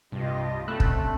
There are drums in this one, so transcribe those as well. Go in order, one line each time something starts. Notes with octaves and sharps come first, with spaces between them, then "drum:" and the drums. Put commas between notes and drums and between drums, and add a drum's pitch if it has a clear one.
C2 G2 F4 G4 D#5
D3 A3 C4 C#4 B5 E6 F#6
drum: kick